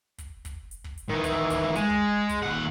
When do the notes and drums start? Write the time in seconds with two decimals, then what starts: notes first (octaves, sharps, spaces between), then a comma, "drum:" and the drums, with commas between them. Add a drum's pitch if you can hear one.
0.18 drum: kick, hi-hat
0.45 drum: kick, hi-hat
0.71 drum: hi-hat
0.84 drum: kick
0.98 drum: hi-hat
1.09 D#3 E3
1.24 drum: kick, hi-hat
1.50 drum: kick, hi-hat
1.75 G#3, drum: hi-hat
1.90 drum: kick
2.29 drum: kick, hi-hat
2.43 D#2 F#5